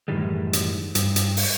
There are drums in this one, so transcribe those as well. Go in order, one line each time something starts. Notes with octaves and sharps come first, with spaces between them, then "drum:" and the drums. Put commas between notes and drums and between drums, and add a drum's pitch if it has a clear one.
F#2 A2 D#3 E3 G3 G#3
drum: hi-hat
G2, drum: hi-hat
drum: hi-hat
drum: open hi-hat